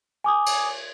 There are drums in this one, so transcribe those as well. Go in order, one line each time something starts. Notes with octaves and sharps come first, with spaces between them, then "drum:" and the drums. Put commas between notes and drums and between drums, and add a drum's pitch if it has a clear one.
G#5 D6 D#6
drum: cymbal